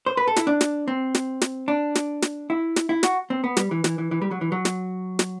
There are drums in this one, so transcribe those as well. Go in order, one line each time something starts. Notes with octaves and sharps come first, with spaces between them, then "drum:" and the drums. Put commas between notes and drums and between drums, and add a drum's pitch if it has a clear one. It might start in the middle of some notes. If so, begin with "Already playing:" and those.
C5
B4
A4
E4, drum: snare
D4
drum: snare
C4
drum: snare
drum: snare
D4
drum: snare
drum: snare
E4
drum: snare
E4
F#4, drum: snare
C4
B3
G3, drum: snare
E3
E3, drum: snare
E3
E3
G3
F#3
E3
F#3
drum: snare
drum: snare